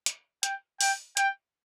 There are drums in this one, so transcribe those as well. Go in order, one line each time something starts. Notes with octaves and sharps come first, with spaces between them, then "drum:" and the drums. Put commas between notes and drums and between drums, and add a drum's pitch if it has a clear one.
drum: hi-hat
G5, drum: hi-hat
G5, drum: open hi-hat
G5, drum: hi-hat